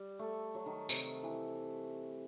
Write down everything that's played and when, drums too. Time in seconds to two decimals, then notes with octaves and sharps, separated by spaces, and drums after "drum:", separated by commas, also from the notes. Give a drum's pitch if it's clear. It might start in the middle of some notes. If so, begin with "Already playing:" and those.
Already playing: G3
0.19 A3
0.55 F#3
0.66 D#3
0.89 C3, drum: tambourine
1.23 E3